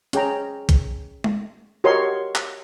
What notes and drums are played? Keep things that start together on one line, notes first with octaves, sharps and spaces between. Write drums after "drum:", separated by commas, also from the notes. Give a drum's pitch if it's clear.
C#4 G#4 G5 A#5, drum: hi-hat
drum: kick, hi-hat
drum: tom G#3
F#4 G4 A#4 C#5 D#5 C6
drum: clap